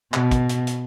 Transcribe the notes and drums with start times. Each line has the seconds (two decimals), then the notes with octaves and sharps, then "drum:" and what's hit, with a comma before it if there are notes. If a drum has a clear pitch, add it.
0.14 B2, drum: clap
0.31 drum: kick, hi-hat
0.49 drum: hi-hat
0.67 drum: hi-hat